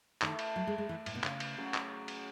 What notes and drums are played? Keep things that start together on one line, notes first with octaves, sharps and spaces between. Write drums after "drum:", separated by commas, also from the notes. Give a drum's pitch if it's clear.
D#3 A3 E4 A4, drum: clap
drum: cymbal
F#3
G#3
G#3
E3
A2, drum: cymbal
B2
C#3, drum: clap
drum: cymbal
C#3 F#3 C#4
drum: clap
drum: cymbal